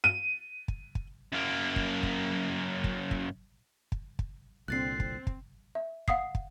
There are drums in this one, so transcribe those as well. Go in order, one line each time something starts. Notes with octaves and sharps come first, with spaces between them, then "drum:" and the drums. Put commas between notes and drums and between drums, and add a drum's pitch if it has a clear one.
D#7
drum: kick
drum: kick
F#2 A#3
drum: kick
drum: kick
drum: kick
drum: kick
drum: kick
drum: kick
C2 A#2 D3 C4 F#6 A6 C7
drum: kick
drum: kick
E5
F5 F#5 D#6 C7, drum: kick
drum: kick